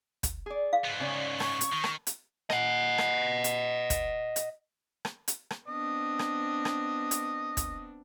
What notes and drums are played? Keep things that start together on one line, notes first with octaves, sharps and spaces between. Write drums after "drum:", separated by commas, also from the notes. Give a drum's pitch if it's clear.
drum: kick, hi-hat
G#4 D5
F5
G#2 B3
C#3 C#4 D5
C#6, drum: rim click
drum: hi-hat
D#3
drum: rim click
drum: hi-hat
D#5 F#5, drum: rim click
drum: rim click
drum: hi-hat
drum: kick, hi-hat
drum: hi-hat
drum: rim click
drum: hi-hat
drum: rim click
B3 C4 D4 D#5
drum: rim click
drum: rim click
drum: hi-hat
drum: kick, hi-hat